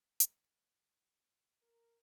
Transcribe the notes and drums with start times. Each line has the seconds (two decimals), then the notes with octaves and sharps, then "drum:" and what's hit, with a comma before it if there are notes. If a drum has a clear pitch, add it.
0.20 drum: hi-hat
1.62 A#4